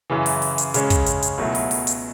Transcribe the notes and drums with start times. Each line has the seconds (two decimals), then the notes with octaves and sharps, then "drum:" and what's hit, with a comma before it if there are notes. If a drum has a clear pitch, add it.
0.10 F#2 C#3 E3
0.26 drum: open hi-hat
0.42 drum: open hi-hat
0.58 drum: hi-hat
0.74 C#3 G#3 C#4, drum: hi-hat
0.90 drum: kick, hi-hat
1.06 drum: hi-hat
1.22 drum: hi-hat
1.38 C#2 B2 F#3 A3 E4
1.55 drum: open hi-hat
1.71 drum: open hi-hat
1.87 drum: hi-hat